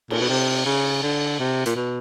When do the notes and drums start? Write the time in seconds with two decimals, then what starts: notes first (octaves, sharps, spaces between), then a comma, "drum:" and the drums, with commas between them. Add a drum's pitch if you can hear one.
0.10 A#2, drum: cymbal
0.21 B2
0.29 C3
0.66 C#3
1.03 D3
1.40 C3
1.66 A#2, drum: hi-hat
1.76 B2